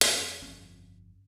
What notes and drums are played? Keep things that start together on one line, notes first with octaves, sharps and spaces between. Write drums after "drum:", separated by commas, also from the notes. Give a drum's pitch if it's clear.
F2, drum: hi-hat
G1 F2 C#4